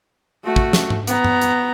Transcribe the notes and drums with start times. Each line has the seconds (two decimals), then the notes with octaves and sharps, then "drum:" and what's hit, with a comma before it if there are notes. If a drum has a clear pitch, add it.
0.44 A3 F#4
0.56 drum: kick
0.73 drum: snare
0.90 drum: tom G#2
1.07 B3 A#5, drum: hi-hat
1.24 drum: tom G2
1.41 drum: hi-hat